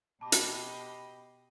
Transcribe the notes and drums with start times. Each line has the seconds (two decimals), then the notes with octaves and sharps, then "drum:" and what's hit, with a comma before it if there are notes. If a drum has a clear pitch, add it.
0.21 B2 G4 D#5 A5 B5 D6
0.32 drum: hi-hat